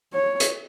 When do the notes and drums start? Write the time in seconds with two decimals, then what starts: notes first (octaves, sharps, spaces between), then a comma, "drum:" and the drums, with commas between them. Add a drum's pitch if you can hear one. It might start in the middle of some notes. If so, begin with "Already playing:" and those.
0.13 C#5
0.40 drum: hi-hat